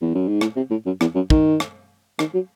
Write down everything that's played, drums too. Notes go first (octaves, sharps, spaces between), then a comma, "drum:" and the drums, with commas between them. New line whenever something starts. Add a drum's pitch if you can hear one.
E2
F#2
G#2
A2, drum: rim click
C3
A2
F#2
E2, drum: rim click
F#2
D#3, drum: kick
drum: rim click
D#3, drum: rim click
F#3